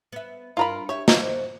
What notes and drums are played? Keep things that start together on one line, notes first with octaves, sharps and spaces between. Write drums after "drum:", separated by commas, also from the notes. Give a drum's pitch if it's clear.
B3 E5
G2 F4 A#4 B5
G4 C#5 E5
D#4 F#4 C5 D5, drum: snare